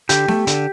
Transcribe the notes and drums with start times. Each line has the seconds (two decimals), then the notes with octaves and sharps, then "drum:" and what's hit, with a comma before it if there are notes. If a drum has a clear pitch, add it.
0.09 D3 G4, drum: hi-hat
0.28 A3, drum: snare B3
0.47 D3, drum: hi-hat